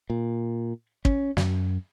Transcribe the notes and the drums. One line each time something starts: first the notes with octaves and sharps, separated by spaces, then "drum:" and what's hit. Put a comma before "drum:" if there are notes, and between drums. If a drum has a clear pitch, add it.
A#2
C#4, drum: kick
F#2, drum: snare